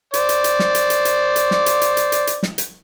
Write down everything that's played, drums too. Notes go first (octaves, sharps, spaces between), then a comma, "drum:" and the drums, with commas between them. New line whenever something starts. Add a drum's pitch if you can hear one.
C5 D5, drum: hi-hat
drum: hi-hat
drum: hi-hat
drum: snare
drum: hi-hat
drum: hi-hat
drum: hi-hat
drum: hi-hat
drum: snare
drum: hi-hat
drum: hi-hat
drum: hi-hat
drum: hi-hat
drum: hi-hat
drum: snare
drum: hi-hat